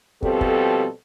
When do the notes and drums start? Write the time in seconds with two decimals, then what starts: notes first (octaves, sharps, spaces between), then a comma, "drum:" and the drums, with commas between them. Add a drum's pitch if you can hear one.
0.22 B2 F3 G3 C4 A4, drum: kick
0.41 drum: kick